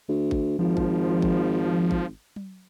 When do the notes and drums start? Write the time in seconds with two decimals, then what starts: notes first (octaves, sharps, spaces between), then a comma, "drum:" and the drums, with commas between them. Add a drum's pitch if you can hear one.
0.08 D2
0.31 drum: kick G#1
0.59 G#1 F3
0.77 drum: kick G#1
1.22 drum: kick G#1
1.91 drum: kick G#1
2.36 drum: tom F#3